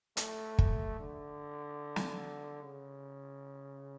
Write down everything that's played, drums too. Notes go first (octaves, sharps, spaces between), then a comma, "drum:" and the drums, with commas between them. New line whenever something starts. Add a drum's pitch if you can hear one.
A3, drum: hi-hat
drum: kick
D3
drum: snare
C#3